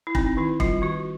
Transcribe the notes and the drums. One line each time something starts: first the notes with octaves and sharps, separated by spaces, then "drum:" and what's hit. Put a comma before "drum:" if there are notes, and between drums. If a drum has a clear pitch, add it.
E4
C4 D#4, drum: kick E1
D#3 E4
G3 F4, drum: kick E1
D#3 F#4